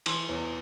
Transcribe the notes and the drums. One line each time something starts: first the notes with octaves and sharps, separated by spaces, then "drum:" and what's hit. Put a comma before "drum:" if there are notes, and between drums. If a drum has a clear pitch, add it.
E3 C6, drum: cymbal
E2